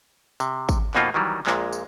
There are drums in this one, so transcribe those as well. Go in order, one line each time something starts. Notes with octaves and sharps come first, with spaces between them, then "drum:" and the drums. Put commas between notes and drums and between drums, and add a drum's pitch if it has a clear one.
C3, drum: tambourine
drum: kick G#1, tambourine
F2 B2 A#3 D#4 F4, drum: clap
D#3 E3 F#3 G3
A#1 A#2 G#3, drum: clap
drum: tambourine